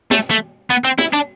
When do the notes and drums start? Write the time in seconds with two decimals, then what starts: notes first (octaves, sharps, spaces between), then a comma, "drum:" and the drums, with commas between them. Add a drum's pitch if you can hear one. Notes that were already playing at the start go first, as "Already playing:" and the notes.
0.11 A3, drum: snare
0.31 A3
0.70 B3
0.84 C4
0.99 E4, drum: snare
1.13 D4